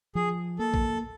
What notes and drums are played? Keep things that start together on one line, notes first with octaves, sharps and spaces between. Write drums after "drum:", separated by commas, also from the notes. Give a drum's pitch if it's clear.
F3 G#4
A#3 A4
drum: kick A#1